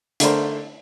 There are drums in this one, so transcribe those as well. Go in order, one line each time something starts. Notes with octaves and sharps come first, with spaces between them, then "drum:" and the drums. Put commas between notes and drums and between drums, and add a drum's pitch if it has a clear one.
D3 A3 D4 A#4 C5, drum: hi-hat